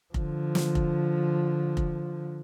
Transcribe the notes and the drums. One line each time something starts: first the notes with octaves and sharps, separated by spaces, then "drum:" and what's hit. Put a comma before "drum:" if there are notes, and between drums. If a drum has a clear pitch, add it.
D3 F3, drum: kick F1
drum: snare
drum: kick F1
drum: kick F1